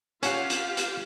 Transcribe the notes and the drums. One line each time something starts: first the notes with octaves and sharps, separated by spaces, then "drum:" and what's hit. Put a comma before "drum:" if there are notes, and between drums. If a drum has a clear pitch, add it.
C#4 F4 G4 F5 F#5, drum: hi-hat
drum: hi-hat
drum: hi-hat